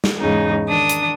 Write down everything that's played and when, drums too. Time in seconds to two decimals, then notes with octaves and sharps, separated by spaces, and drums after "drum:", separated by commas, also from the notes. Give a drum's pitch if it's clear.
0.04 drum: snare
0.20 E2 G#2 C#3 D#4
0.69 D#3 D4 D#6
0.89 drum: hi-hat